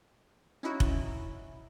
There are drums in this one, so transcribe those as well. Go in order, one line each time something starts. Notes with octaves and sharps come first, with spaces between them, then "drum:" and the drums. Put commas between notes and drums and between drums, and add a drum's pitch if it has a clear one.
C#4 D#4 E4 F#4
drum: kick F1